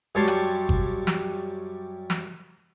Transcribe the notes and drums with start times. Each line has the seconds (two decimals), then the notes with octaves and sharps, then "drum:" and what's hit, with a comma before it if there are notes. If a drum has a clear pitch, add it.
0.15 F#2 G3 C#5 A5 C6 C#6
0.28 drum: hi-hat
0.69 drum: kick G1
1.07 drum: snare
2.10 drum: snare